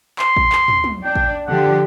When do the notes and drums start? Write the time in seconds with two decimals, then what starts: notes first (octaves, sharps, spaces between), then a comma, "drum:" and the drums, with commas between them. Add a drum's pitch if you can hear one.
0.19 C6, drum: clap
0.37 drum: kick A1
0.52 drum: clap
0.68 drum: tom
0.84 drum: tom
1.04 D4 G5
1.16 drum: kick A1
1.47 D3 F3 G4 F#5